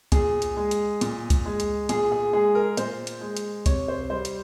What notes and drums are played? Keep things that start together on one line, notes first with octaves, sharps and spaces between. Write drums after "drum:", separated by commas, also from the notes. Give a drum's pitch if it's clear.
A#2 G#4, drum: kick C2, hi-hat
drum: hi-hat
G#3
drum: hi-hat
A#2, drum: hi-hat
drum: kick C2, hi-hat
G#3
drum: hi-hat
A#2 G#4, drum: hi-hat
G#4
G#3 G#4
A#4
A#2 C5, drum: hi-hat
drum: hi-hat
G#3
drum: hi-hat
C3 C#5, drum: kick C2, hi-hat
C5
G3 C5
drum: hi-hat